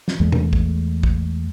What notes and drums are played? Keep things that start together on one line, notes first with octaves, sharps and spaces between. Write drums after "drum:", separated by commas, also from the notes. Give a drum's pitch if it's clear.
drum: snare
E2 G#3 A3
drum: tom A#2
drum: kick
drum: kick